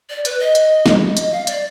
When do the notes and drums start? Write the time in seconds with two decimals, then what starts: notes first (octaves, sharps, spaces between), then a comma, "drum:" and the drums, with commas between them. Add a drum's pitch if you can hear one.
0.10 D5
0.25 B4, drum: hi-hat
0.40 D#5
0.55 drum: hi-hat
0.86 drum: snare
1.17 D#5, drum: hi-hat
1.32 F5
1.47 D5, drum: hi-hat